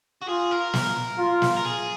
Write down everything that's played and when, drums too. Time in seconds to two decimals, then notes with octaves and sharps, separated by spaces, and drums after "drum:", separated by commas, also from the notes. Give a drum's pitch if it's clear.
0.22 F#4
0.28 F4 G#4
0.51 A#4
0.73 drum: snare
1.18 F4
1.42 drum: snare
1.57 A#4
1.65 G#4